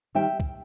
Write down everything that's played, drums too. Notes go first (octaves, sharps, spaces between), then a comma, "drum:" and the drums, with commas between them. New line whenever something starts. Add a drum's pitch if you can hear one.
D#3 G3 E5 G5
drum: kick